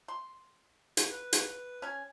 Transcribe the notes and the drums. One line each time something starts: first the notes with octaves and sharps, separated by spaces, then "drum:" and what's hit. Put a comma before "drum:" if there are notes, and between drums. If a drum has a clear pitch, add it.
C6
drum: hi-hat
B4
drum: hi-hat
C#4 G#5